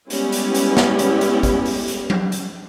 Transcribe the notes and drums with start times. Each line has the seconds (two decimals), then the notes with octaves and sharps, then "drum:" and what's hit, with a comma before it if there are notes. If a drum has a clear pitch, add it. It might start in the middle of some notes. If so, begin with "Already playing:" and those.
0.10 G3 G#3 B3 C#4 E4 G4, drum: hi-hat
0.32 drum: hi-hat
0.55 drum: hi-hat
0.77 drum: snare
0.99 drum: hi-hat
1.21 drum: hi-hat
1.43 drum: kick A1, hi-hat
1.65 drum: open hi-hat
1.88 drum: hi-hat
2.10 drum: tom F#3
2.32 drum: hi-hat